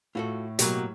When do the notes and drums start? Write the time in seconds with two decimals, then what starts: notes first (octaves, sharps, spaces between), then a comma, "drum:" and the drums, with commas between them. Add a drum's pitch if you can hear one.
0.15 A2 F4 F#4 A4
0.59 B2 F#3 A#3 F#4 G4, drum: hi-hat